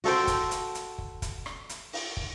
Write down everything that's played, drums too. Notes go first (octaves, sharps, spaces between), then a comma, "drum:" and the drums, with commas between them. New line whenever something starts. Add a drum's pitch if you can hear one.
F#4 A4 C5 G5, drum: open hi-hat
drum: kick, hi-hat
drum: hi-hat
drum: hi-hat
drum: kick
drum: kick, hi-hat
drum: rim click
drum: hi-hat
drum: open hi-hat
drum: kick